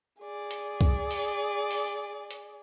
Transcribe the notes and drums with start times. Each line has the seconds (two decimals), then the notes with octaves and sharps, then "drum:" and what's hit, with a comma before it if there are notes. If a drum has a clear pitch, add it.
0.21 G#4 D5
0.51 drum: hi-hat
0.81 drum: kick C2
1.11 drum: open hi-hat
1.71 drum: open hi-hat
2.31 drum: hi-hat